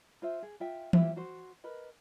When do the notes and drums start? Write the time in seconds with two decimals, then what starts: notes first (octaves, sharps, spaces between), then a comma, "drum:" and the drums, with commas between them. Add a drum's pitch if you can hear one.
0.22 F4 C5 E5
0.43 G#4
0.60 F4 E5 G5
0.93 E4 F4 G4 E5, drum: tom E3
1.16 F#4 C5
1.64 A#4 B4 D#5